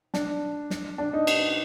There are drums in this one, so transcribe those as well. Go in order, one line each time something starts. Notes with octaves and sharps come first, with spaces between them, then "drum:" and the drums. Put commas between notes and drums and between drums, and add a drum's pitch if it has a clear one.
D4, drum: snare
drum: snare
D4
D#4
drum: cymbal